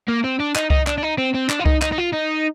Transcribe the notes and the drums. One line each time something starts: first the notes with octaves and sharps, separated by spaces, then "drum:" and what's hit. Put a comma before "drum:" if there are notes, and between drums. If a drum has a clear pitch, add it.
A#3
C4
D4
D#4, drum: clap
D#4, drum: kick C2
D4, drum: clap
D4
D#4
C4
C4
D4, drum: clap
F4
D#4, drum: kick C2
D#4, drum: clap
D#4
F4
D#4